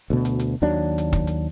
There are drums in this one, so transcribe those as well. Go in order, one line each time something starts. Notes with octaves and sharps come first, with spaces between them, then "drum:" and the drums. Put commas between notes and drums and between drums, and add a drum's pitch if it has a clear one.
D2 B2
drum: hi-hat
drum: hi-hat
D#2 D#3 F#3 D4
drum: hi-hat
drum: kick, hi-hat
drum: hi-hat